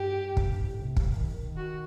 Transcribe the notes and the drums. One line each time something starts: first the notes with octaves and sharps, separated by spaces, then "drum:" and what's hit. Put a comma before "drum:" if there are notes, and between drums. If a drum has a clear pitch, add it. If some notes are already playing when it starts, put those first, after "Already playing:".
Already playing: G2 G4
G2, drum: kick
G2
A2
C3
drum: kick
D#3
D#3
F#4